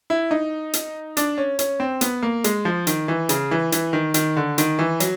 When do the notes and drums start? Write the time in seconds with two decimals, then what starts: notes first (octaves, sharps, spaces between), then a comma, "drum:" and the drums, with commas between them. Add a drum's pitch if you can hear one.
0.10 E4
0.31 D#4
0.73 drum: hi-hat
1.17 D4, drum: hi-hat
1.38 C#4
1.59 C#4, drum: hi-hat
1.80 C4
2.01 B3, drum: hi-hat
2.23 A#3
2.44 G#3, drum: hi-hat
2.65 F3
2.87 D#3, drum: hi-hat
3.08 E3
3.29 C#3, drum: hi-hat
3.51 E3
3.72 E3, drum: hi-hat
3.93 D#3
4.14 D#3, drum: hi-hat
4.37 D3
4.58 D#3, drum: hi-hat
4.79 E3
5.00 F#3, drum: hi-hat